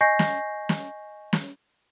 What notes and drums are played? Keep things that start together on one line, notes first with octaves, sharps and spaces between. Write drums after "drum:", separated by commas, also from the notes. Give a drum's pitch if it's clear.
D#5 G#5 C#6 G6 A#6 C7
drum: snare
drum: snare
drum: snare